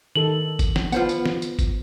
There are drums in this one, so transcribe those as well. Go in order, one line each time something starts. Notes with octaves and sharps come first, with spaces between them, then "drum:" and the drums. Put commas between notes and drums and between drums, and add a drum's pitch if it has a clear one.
D#3 A4 F#7
drum: kick G1, tambourine
drum: snare
B3 F4 C5 F#5, drum: tambourine
drum: tambourine
drum: snare
drum: tambourine
drum: kick G1, tambourine